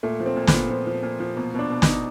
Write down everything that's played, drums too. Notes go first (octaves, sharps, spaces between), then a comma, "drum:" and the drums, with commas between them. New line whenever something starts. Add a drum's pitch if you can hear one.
A#2 A3
F3
C4
A#2
B3, drum: snare
A#2
F3
F3
A#2
F3
B2 A#3
B2
D4
B2
D#4, drum: snare
B2